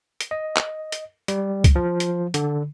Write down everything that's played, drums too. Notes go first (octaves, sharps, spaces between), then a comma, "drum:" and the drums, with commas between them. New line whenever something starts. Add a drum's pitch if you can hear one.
drum: hi-hat
D#5
drum: clap
drum: hi-hat
G3, drum: hi-hat
drum: kick, hi-hat
F3
drum: hi-hat
D3, drum: hi-hat